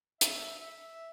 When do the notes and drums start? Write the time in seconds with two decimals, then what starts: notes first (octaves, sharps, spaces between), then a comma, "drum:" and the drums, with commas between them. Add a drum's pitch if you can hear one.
0.21 E5, drum: hi-hat
0.59 E5